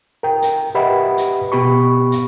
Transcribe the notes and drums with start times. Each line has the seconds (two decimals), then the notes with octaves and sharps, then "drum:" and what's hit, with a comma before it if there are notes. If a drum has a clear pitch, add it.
0.23 A#4 G5
0.42 drum: hi-hat
0.75 G4 B4 D#5 E5 F#5 B5
1.18 drum: hi-hat
1.52 B2 B3 G4 B5 C#6
2.12 drum: hi-hat